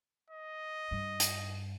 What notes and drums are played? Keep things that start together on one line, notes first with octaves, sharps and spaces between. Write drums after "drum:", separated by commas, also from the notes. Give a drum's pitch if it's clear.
D#5
G2
drum: hi-hat